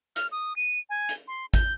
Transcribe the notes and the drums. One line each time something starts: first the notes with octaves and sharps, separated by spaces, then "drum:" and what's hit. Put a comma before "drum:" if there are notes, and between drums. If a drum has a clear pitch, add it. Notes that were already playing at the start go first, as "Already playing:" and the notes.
F6, drum: hi-hat
D#6
D#7
G#5
drum: hi-hat
C6
G6, drum: kick G#1, hi-hat